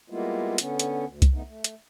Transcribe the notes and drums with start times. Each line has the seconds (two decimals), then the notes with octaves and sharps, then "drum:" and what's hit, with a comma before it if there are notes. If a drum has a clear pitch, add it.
0.10 G3 G#3 A#3 B3 E4 F4
0.58 D3 B3 C#4, drum: hi-hat
0.79 drum: hi-hat
1.06 D2
1.22 drum: kick C2, hi-hat
1.34 D3 A3 B3 D#4
1.47 A3
1.64 drum: hi-hat